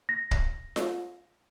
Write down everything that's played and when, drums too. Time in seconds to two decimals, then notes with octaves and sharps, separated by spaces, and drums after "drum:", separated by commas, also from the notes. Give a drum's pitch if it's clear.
0.09 A#6
0.31 drum: kick
0.76 drum: snare F4